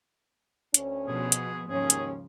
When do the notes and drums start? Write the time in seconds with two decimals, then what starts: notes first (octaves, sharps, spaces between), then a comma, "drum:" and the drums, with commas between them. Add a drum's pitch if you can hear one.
0.74 D2 C#4, drum: hi-hat
1.07 B2 F3 B3 G#4
1.32 drum: hi-hat
1.69 D#2 G#2 C#3 F3 C#4 G#4
1.90 drum: hi-hat